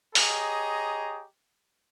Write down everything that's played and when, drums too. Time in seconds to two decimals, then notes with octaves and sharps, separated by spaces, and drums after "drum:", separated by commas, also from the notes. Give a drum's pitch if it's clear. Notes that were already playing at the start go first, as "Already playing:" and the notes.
0.15 G4 G#4 C#5 D#5 A#5, drum: open hi-hat